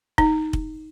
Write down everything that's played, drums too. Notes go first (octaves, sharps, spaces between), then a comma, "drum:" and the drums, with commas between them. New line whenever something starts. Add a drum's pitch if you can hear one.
D#4, drum: kick
drum: kick